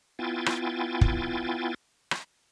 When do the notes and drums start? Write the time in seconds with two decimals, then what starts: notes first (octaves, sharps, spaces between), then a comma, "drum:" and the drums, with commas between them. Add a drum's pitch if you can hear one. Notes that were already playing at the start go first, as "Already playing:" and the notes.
0.19 B3 E4 F4 G5 G#5 A6
0.46 drum: rim click
1.01 drum: kick
2.11 drum: rim click